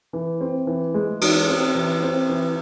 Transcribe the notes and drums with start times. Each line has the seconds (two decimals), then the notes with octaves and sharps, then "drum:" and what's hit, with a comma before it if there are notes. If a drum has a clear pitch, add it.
0.13 E3
0.41 C4
0.67 E3
0.94 G#3
1.21 E3, drum: cymbal
1.49 C4
1.75 E3
2.02 C4
2.29 E3